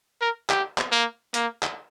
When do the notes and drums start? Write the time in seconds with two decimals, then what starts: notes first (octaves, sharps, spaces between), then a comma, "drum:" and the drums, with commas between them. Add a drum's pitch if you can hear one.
0.21 A#4
0.50 G4, drum: clap
0.78 drum: clap
0.92 A#3
1.34 A#3, drum: hi-hat
1.63 drum: clap